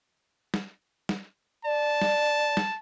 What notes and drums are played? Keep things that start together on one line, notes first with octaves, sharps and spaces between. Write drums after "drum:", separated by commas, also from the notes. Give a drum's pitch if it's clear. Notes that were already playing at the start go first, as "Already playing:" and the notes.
drum: snare
drum: snare
D5 A5
drum: snare
drum: snare